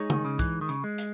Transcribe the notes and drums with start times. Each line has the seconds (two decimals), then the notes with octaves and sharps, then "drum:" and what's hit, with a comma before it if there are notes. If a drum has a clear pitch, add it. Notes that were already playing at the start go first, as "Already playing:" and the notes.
Already playing: G#3 D#4 G#4 C#5
0.10 D#3, drum: tom C#3
0.25 C#3
0.39 E3, drum: kick, hi-hat
0.61 D#3
0.69 C#3, drum: hi-hat
0.84 G#3
0.98 drum: hi-hat